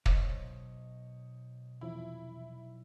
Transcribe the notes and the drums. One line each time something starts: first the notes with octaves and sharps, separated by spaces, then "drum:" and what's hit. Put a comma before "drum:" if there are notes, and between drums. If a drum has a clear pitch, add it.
B1 C5 C#5 D#5, drum: kick
E2 C3 F3 E4